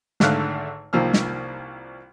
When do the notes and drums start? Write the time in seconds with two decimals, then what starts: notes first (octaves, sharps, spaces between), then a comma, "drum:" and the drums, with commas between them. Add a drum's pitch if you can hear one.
0.20 G#1 G#2 D3 A3 F5 F#6, drum: snare
0.93 C2 D#3 F3 A#3 E6 F6
1.13 drum: snare